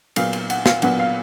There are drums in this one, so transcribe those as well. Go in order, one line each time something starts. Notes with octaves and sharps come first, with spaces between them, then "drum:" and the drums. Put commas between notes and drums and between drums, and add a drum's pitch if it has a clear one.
A#2 F#3 B3 F5, drum: cymbal
drum: cymbal
F#5, drum: cymbal
F5, drum: snare
A#2 F#3 B3 F#5, drum: cymbal
F5